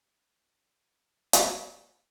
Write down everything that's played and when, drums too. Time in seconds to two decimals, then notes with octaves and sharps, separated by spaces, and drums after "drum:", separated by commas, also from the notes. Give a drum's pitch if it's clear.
0.87 B4 D#5 G5
1.33 drum: hi-hat